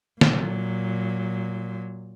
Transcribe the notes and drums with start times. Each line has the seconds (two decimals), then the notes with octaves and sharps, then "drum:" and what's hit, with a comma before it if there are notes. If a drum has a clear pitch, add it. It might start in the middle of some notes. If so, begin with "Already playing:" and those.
0.21 A#2 F#3, drum: snare